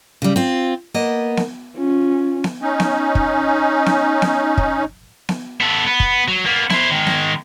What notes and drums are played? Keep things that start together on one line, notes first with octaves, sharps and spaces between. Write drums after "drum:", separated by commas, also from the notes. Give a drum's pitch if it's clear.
C#3 G3
C4 F4
A#3 B3 D#5
drum: snare B3
C#4 F4
drum: snare B3
C#4 D#4
drum: snare B3
drum: kick
drum: snare B3
drum: snare B3
drum: kick
drum: snare B3
B3 A4
B3
drum: kick
F#3
A#3 B3
E4 C5, drum: snare B3
D#3 G#3
drum: snare B3